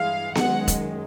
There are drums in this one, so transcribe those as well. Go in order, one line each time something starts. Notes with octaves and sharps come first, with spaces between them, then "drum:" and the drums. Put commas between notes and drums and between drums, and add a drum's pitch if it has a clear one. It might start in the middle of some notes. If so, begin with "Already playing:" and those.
Already playing: G2 E3 G#3 F5
F#2 D#3 G#3 F#5, drum: snare B3
drum: kick E1, hi-hat